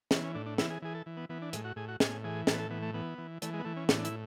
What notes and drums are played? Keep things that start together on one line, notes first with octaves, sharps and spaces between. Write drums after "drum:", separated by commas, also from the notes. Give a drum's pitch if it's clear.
E3 C#4, drum: snare
C#4
A2 D4
D4
E3 E4, drum: snare
G#4
E3 G#4
A4
E3
B3
E3 B3
D4
A2 G#3, drum: hi-hat
F#4
A2 G#4
F#4
A2 G#4, drum: snare
E3 G#4
A2 A4, drum: snare
B4
A4
E3 B3
A3
E3 B3
E3
E3 A3, drum: hi-hat
G#3
B3
E3 A3
C#4
A2 D4, drum: snare
D4
E4, drum: hi-hat